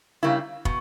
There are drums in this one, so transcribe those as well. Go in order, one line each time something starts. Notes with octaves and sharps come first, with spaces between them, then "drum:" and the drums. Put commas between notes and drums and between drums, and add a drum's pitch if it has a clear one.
C#3 G3 A#3 E4
B2, drum: kick